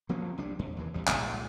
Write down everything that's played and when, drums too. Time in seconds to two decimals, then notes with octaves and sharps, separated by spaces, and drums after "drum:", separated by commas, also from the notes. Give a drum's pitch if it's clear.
0.09 F3 A#3 C4 C#4
0.38 C2 G3 D4
0.59 F2
0.77 D#2 E3
0.94 E2 G3
1.08 F1 C2 A#2 G#3, drum: clap